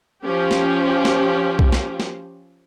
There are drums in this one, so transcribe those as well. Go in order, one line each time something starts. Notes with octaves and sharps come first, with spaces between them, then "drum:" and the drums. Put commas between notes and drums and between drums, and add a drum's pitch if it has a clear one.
F3 C#4 G4
drum: snare
drum: snare
drum: kick B1
drum: snare
drum: snare